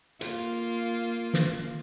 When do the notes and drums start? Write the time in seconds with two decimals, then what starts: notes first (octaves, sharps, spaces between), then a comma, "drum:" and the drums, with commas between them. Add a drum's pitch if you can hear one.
0.21 A#3 F4, drum: hi-hat
1.34 drum: snare